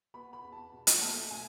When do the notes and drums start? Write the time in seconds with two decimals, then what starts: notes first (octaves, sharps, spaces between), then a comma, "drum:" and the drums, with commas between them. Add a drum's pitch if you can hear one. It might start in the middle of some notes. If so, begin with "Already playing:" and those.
0.14 B3 B5
0.33 B5
0.43 E2
0.52 A5
0.72 B2
0.87 drum: hi-hat
1.01 A3 A5
1.31 B2 G#5